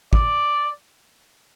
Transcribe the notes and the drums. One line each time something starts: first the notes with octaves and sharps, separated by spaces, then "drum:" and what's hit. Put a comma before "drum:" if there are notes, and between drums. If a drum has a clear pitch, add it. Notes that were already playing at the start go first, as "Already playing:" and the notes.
D5, drum: kick